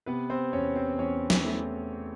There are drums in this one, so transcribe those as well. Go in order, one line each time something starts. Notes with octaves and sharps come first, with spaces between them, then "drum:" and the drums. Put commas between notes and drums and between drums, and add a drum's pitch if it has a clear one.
C3 B3 B4
C4 C5
E2 C#4 C#5
C4 C5
E2 C#4 C#5
drum: snare
A3